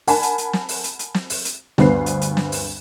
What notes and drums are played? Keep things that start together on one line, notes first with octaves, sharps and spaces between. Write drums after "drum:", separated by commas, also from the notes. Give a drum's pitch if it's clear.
A#4 F#5 G#5 A5 B5, drum: open hi-hat
drum: hi-hat
drum: hi-hat
drum: snare
drum: open hi-hat
drum: hi-hat
drum: hi-hat
drum: snare
drum: open hi-hat
drum: hi-hat
D2 G2 B3 C5 C7, drum: snare
drum: hi-hat
drum: hi-hat
drum: snare
drum: open hi-hat